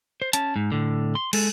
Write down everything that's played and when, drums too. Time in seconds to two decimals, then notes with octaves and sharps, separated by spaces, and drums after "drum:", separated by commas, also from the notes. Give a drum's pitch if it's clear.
0.22 C5
0.33 C#4 A5, drum: hi-hat
0.56 G#2
0.72 A2 D3
1.15 C6
1.33 G#3 A4, drum: cymbal